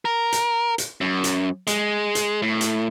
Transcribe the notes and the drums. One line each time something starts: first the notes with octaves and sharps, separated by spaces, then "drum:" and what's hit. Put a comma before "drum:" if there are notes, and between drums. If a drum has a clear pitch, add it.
A#4
drum: hi-hat
drum: hi-hat
F#2
drum: hi-hat
G#3, drum: hi-hat
drum: hi-hat
A2
drum: hi-hat